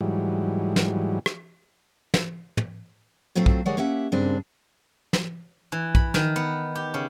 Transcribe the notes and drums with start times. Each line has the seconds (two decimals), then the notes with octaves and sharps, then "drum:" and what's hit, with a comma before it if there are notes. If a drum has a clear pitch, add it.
0.01 G#2 E3 F#3 G3
0.76 drum: snare
1.26 drum: rim click
2.14 drum: snare
2.57 drum: tom
3.35 A2 F#3 A3 C4 F4
3.46 drum: kick
3.66 D#3 G3 G#3 C#5 D5 F#5
3.77 A#3 C#4 G4 E5 F#5
4.12 G2 A#2 C#3 G#3 C4 D4
5.13 drum: snare
5.72 E3
5.95 B5, drum: kick
6.14 D#3, drum: snare
6.36 B3
6.75 G4
6.94 C#3